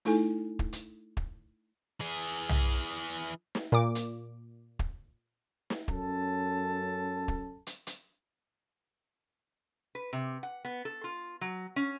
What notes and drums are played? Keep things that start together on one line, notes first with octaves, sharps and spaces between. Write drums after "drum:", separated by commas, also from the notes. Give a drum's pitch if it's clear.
A3 D#4 E4 A4 G#5, drum: open hi-hat
drum: kick
drum: hi-hat
drum: kick
E3 G#4
drum: tom
drum: snare
A#2 D6
drum: hi-hat
drum: kick
drum: snare
F#2 C#4 A4 A5, drum: kick
drum: kick
drum: hi-hat
drum: hi-hat
B4
C3
F#5
B3
A4
F4
F#3
C#4